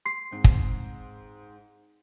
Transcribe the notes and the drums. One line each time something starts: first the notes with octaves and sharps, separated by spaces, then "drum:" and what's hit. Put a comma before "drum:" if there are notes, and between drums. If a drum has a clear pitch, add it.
C6 C7
G#2 C4
drum: kick